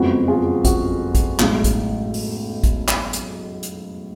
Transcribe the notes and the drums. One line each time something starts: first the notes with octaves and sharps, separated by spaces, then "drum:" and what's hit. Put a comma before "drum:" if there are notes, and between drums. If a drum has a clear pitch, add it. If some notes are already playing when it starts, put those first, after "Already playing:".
Already playing: F#1 F2 F3 G#3 B3 F#4
F4 G#4
F#4, drum: kick A1, hi-hat
drum: kick A1, hi-hat
B1 A2 G#3, drum: clap
drum: kick A1, hi-hat
drum: open hi-hat
drum: kick A1, hi-hat
drum: clap
drum: hi-hat
drum: hi-hat